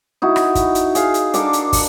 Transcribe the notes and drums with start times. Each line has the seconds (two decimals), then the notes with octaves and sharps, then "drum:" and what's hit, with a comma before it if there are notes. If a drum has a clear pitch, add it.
0.22 D#4 E4 F#4
0.36 drum: rim click
0.55 drum: kick, hi-hat
0.75 drum: hi-hat
0.95 G#4 F5, drum: hi-hat
1.14 drum: hi-hat
1.34 D4 A4 A#4 D6, drum: hi-hat
1.53 drum: hi-hat
1.73 drum: kick, open hi-hat